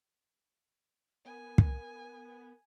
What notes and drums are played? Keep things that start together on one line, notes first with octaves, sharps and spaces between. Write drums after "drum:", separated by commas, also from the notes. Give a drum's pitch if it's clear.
B3 A#4 G#5
drum: kick